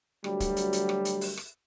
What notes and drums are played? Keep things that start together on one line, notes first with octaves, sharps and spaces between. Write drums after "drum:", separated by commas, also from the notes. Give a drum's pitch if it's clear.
D2 F#3 G3, drum: rim click
drum: kick, hi-hat
drum: hi-hat
drum: hi-hat
drum: rim click
drum: hi-hat
drum: open hi-hat
drum: rim click